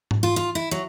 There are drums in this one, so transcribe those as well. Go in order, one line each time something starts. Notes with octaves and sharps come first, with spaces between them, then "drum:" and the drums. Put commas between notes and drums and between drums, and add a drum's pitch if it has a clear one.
drum: tom G#2
F4
F4
E4
F#3